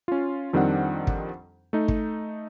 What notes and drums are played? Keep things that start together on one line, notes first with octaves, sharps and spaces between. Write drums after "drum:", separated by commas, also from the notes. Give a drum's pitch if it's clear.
C#4 F4
F2 D#3 G3 C4 D4 F#5
drum: kick
A3 D#4
drum: kick